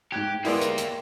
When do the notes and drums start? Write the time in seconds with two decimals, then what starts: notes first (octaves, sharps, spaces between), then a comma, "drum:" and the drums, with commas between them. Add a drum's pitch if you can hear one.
0.12 G#2 G4 F#6 G#6
0.45 G#3 A#3 B3 E4 G4 A#4 D5 C6, drum: open hi-hat
0.61 drum: hi-hat
0.78 drum: hi-hat